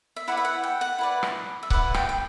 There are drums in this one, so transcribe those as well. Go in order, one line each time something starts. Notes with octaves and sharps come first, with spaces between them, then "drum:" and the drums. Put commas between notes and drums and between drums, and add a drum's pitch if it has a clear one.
E5
E4 B4 D5 F#5
E5
F#5
G5
F#5
E4 B4 D5
drum: rim click
E5
E4 B4 D5 F#5, drum: kick C#1
G5, drum: rim click
G5